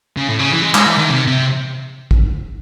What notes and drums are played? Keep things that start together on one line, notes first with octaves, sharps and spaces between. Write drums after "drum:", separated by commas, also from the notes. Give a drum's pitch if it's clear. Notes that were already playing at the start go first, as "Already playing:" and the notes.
C#3
A2
C#3
E3
G#3
G#3, drum: clap
E3
D#3
C3
C3
drum: kick